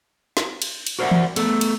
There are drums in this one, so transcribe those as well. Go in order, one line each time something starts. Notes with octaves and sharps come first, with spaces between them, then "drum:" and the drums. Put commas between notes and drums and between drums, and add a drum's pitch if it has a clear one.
drum: snare
drum: cymbal
drum: cymbal
F#4 A#4 C5 D5 E5 F#5
drum: tom E3
A3 B3 A4, drum: cymbal
drum: cymbal